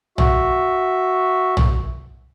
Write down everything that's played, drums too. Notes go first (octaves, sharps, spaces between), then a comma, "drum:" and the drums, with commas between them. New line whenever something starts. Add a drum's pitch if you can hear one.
F#4 E5, drum: tom
drum: tom